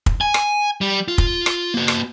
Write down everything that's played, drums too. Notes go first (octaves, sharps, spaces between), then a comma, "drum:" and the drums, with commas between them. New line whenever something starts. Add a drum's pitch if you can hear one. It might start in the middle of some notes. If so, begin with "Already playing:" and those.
drum: kick
G#5
drum: rim click
G3
F4
drum: kick
drum: rim click
A#3 F#4
drum: rim click